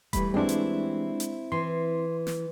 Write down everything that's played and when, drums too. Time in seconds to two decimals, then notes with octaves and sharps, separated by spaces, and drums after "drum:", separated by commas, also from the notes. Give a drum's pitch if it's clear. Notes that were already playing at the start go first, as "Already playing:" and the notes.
0.13 E3 G3 A3 B5, drum: kick D#1, hi-hat
0.34 G#3 C4 D4 E4
0.49 drum: hi-hat
1.20 drum: hi-hat
1.52 E3 C6
2.27 drum: snare